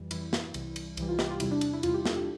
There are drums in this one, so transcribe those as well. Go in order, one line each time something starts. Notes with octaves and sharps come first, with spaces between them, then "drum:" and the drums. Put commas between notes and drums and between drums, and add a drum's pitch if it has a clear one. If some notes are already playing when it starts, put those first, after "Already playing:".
Already playing: F2 E3 G3
F2 E3 G3 E4, drum: cymbal
drum: snare
C2 C3 E3 G3, drum: cymbal
drum: cymbal
C2 C3 E3 G3, drum: cymbal
F4
G4, drum: snare
F4
E2 C3 G3 E4, drum: cymbal
D4
D4, drum: cymbal
E4
E2 C3 G3 F4, drum: cymbal
G4
A4, drum: snare
G4